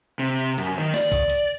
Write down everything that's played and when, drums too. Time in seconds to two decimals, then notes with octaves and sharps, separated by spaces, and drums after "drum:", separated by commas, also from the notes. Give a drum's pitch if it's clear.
0.19 C3
0.58 F#2, drum: hi-hat
0.78 D#3
0.94 D5, drum: snare
1.12 drum: kick
1.30 drum: hi-hat